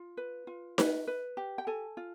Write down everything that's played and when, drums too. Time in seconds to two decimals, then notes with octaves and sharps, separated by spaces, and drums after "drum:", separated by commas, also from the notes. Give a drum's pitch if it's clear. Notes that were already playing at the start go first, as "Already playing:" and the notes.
Already playing: F4
0.17 B4
0.47 F4
0.78 B4, drum: snare D#4
1.07 B4
1.37 G4
1.58 G5
1.67 A4 G#5
1.97 F4